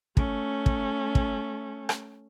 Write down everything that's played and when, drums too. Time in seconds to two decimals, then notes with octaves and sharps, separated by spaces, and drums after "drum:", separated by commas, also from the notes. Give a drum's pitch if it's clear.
0.17 A3 C#4, drum: kick
0.66 drum: kick
1.15 drum: kick
1.89 drum: rim click